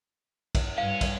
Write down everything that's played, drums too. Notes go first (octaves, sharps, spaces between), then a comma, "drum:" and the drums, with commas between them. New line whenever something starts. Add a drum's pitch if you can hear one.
drum: kick, cymbal
G2 C#4 F5
drum: kick, cymbal